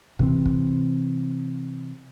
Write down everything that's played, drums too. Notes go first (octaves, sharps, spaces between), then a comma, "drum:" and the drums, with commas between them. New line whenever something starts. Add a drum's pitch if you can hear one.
C3 E3 C4, drum: kick
drum: kick